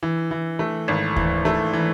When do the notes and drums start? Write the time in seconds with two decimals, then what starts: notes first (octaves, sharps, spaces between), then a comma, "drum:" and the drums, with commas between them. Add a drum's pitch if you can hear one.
0.03 E3
0.31 E3
0.59 A3
0.88 G#1
1.16 E3, drum: kick D2
1.45 A3
1.73 E3